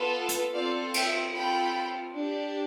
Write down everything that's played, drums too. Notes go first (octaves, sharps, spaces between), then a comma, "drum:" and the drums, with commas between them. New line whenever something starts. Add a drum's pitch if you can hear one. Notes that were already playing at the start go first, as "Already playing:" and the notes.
Already playing: B3 F4 A4
drum: hi-hat
C4 F4 A4 D5 F5
E5 G5, drum: cymbal
C4 F4 A4 G5 B5
D4 G4